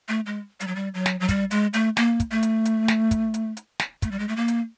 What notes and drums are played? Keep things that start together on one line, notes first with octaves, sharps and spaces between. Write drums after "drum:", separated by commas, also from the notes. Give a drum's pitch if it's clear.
A3
G#3
G3, drum: hi-hat
F#3
G3
F#3
drum: snare
F#3
G3, drum: kick, hi-hat
G#3, drum: hi-hat
A3, drum: hi-hat
A#3, drum: snare
drum: kick, hi-hat
A3
drum: hi-hat
drum: hi-hat
drum: snare
drum: kick, hi-hat
drum: hi-hat
drum: hi-hat
drum: snare
A3, drum: kick, hi-hat
G3
G#3
A3
A#3
drum: hi-hat